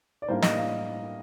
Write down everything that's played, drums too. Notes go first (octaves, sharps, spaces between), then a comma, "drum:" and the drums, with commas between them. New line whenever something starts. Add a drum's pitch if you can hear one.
D5
A2 G3 A#3 D4 C5
D#5, drum: snare
F5